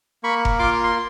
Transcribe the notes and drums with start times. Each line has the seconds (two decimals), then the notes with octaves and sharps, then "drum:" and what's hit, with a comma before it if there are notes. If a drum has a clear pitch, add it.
0.23 A#3 B5 C#6
0.45 drum: kick F1
0.59 F4 C6 D6
0.84 C6